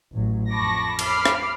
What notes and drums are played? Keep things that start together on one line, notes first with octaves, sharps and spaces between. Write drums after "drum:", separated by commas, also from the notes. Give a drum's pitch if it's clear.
A1 F#3
F2 A5 B5 C#6 D6 A#6
B5 D6 F6 C7, drum: cymbal
drum: rim click